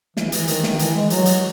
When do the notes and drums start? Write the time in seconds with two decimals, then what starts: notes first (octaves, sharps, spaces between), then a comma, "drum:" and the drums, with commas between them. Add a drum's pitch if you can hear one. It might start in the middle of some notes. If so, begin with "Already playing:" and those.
0.17 E3, drum: snare
0.32 E3, drum: hi-hat
0.48 D#3, drum: hi-hat
0.63 drum: snare
0.79 E3, drum: hi-hat
0.95 G#3
1.10 F#3, drum: hi-hat
1.26 drum: hi-hat